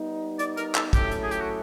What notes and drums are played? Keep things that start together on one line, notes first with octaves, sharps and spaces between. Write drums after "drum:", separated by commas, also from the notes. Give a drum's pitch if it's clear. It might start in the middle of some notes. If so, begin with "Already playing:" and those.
Already playing: G3 B3 D#4
D5, drum: hi-hat
A#4, drum: hi-hat
A4, drum: clap
F#3 A3 C#4 E4 G4 A4, drum: kick, hi-hat
drum: hi-hat
G#4
G4, drum: hi-hat
F#4